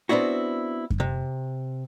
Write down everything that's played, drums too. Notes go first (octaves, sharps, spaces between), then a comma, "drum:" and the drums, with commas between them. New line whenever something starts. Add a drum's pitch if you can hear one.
B3 C4 D4 E4 F#4
drum: kick F#2
C3